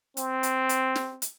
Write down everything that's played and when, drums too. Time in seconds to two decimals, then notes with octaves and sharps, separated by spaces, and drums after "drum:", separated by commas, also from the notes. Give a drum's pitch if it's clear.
0.17 C4, drum: hi-hat
0.43 drum: hi-hat
0.69 drum: hi-hat
0.96 drum: snare
1.22 drum: hi-hat